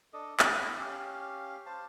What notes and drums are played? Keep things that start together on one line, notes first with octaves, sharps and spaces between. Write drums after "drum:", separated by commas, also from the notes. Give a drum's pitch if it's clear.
D4 A4 D#5
E4, drum: clap
C#4 G4 F5
C5 F5 A5